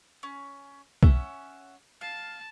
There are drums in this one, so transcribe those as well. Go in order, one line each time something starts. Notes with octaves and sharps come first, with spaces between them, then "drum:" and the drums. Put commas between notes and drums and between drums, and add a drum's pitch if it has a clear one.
C#4
C#4 E5 F#5, drum: kick C2
F5 A5